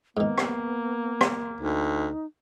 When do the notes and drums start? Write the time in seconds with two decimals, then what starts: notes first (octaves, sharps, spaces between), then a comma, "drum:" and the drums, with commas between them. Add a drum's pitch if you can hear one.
0.17 G#2 D#3 A#3 B3
0.38 drum: rim click
1.21 drum: rim click
1.61 D2 D#4